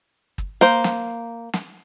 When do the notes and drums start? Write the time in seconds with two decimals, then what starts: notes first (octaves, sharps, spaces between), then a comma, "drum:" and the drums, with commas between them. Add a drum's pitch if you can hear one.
0.38 drum: kick
0.61 A#3 C5
0.84 drum: snare
1.53 drum: snare